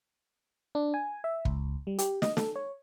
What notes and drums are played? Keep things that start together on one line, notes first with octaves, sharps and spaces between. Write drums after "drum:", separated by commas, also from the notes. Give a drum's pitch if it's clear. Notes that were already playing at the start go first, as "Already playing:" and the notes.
D4
G#5
E5
C#2, drum: kick
G3
G4, drum: hi-hat
D#5, drum: snare
A4, drum: snare
C#5